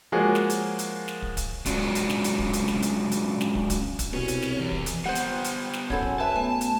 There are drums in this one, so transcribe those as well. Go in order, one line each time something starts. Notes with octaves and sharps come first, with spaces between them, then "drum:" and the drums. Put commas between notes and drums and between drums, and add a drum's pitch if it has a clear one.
F3 G#3 A#3 F#4 G#4 C#5
drum: snare
drum: hi-hat
drum: hi-hat
drum: snare
drum: kick
drum: kick, hi-hat
F#3 G#3 C#4 D4 F4 F#4, drum: kick, hi-hat
drum: hi-hat
drum: snare
drum: hi-hat
drum: kick
drum: hi-hat
drum: snare
drum: hi-hat
drum: hi-hat
drum: snare
drum: kick
drum: kick, hi-hat
drum: kick, hi-hat
C2 B2 C#4
drum: hi-hat
drum: snare
E2
drum: kick
drum: hi-hat
G3 B3 C5 F#5
drum: hi-hat
drum: hi-hat
drum: snare
F#2 E4 A4 C5 C#5 F#5, drum: kick
drum: kick
B4 E5 A5
A3 B3 G#5
drum: hi-hat